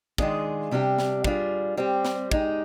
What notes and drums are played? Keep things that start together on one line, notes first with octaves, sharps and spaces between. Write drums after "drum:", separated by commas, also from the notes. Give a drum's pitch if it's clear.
D#3 G#3 D4 F4 G#4, drum: kick
C3 G3 D4 G4
drum: snare
G3 D4 F4 G#4, drum: kick
G3 C4 G4
drum: snare
G#3 D#4 G4, drum: kick